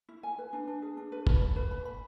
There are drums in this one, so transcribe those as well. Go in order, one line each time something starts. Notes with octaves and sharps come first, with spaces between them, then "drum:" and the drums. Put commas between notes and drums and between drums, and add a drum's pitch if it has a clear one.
E4
G#5
B4
D4
D4
G#4
D4
B4
B5, drum: kick F#1
B5
B4
B5
B5